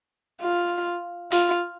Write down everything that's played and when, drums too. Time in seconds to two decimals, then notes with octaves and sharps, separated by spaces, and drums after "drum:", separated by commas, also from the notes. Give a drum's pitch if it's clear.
0.41 F4
1.32 F4, drum: open hi-hat